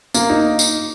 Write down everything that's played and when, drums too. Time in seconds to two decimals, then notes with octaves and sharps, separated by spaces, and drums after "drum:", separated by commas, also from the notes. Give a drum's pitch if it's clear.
0.14 A#3, drum: tambourine
0.30 D#4
0.59 drum: tambourine